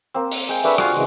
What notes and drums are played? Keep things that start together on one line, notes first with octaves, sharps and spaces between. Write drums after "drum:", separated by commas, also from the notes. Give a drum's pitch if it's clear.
A#3 C4
drum: open hi-hat
G#3 G5
G#3 A3 D4 B4 E5
F4 F#4 F5 G#5 C6, drum: rim click
C#3 E3 G#3